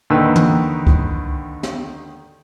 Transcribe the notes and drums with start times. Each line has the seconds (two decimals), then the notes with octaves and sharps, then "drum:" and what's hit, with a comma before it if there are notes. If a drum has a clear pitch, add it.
0.10 D#2 D3 D#3 B4 E6
0.36 drum: tom
0.87 drum: kick C2
1.63 drum: snare